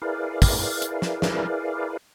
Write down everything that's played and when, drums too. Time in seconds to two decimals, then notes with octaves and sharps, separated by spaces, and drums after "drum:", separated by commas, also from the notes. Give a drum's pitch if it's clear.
0.02 E4 G#4 A#4 B4 D5 F5
0.42 drum: kick, open hi-hat
0.82 drum: hi-hat
1.02 drum: snare
1.22 drum: snare